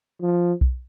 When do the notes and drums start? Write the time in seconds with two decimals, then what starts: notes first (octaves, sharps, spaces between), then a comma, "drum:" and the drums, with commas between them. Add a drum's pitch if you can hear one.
0.22 F3
0.61 drum: kick